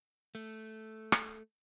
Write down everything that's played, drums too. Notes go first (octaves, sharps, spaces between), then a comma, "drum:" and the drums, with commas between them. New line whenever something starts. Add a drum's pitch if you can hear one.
A3
drum: rim click